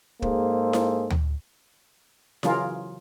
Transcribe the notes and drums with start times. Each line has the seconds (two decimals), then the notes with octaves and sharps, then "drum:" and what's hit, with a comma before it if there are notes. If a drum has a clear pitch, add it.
0.22 G#2 A#3 G#4 A4 C5, drum: kick
0.73 drum: snare E4
1.10 drum: tom D2
2.43 C#3 E3 F#3 F4 G#4 A#4, drum: snare E4